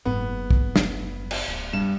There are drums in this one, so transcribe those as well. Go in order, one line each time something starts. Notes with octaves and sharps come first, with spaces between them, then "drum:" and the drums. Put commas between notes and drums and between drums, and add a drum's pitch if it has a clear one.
F#1 G#2 B3
drum: kick
drum: snare
drum: cymbal
D1
G2 E7